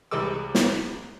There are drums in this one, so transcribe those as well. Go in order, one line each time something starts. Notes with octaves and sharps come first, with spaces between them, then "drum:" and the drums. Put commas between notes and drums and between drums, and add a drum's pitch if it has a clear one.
C2 G3 G#3 D6 E6
drum: snare